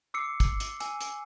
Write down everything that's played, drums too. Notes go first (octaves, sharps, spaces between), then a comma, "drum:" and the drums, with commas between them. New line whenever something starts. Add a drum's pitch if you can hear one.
D6 E6 C7 C#7
drum: kick, hi-hat
drum: hi-hat
G#5 E6, drum: hi-hat
drum: hi-hat